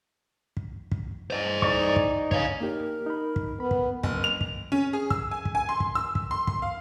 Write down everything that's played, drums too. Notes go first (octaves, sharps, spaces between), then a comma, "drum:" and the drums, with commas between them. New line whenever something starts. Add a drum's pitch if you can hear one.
drum: kick
drum: kick
C5 D#5
D#4 D5 C#6, drum: kick
drum: kick
C#5 F5, drum: kick
A#3 D#4 G4 A#4
D#4 B5
drum: kick
B3 B5
drum: kick
F#1, drum: kick
F7
drum: kick
C#4
G#4
E6, drum: kick
G#5
drum: kick
G#5
C6
drum: kick
E6
drum: kick
C6
C6, drum: kick
F5